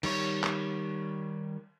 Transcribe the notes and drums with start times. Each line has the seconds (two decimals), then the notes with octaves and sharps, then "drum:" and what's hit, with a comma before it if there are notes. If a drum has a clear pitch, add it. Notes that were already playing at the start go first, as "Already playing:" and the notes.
0.03 D#3 G3 C#5, drum: cymbal
0.44 drum: clap